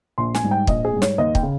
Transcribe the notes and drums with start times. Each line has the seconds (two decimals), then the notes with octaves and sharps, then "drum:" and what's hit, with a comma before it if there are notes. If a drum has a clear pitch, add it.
0.18 A#1 C6
0.35 G#5, drum: snare
0.43 G#2 G3
0.51 G5
0.67 A#1 D#5, drum: kick
0.85 G#4
0.93 G#2 G3
1.02 C#5, drum: snare
1.18 D#2 D#5
1.35 G5, drum: kick
1.43 C#3